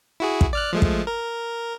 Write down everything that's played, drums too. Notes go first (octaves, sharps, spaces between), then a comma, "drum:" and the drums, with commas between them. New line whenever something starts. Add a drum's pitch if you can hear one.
E4 F#4 G#4
drum: kick
D5 F6 F#6
F3 G#3 A3
drum: kick
A#4